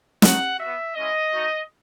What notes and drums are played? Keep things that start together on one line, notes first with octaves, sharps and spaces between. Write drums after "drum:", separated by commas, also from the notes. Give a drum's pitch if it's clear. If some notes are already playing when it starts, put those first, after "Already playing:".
A3 D#4 F#4 F#5, drum: snare
B3 F#4 E5
G#3 C#4 E4 D#5
A3 D#4 F#4